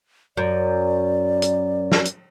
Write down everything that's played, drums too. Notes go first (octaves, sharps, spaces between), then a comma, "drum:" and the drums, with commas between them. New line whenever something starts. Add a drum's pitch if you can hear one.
F#2 D5
drum: hi-hat
drum: snare
drum: hi-hat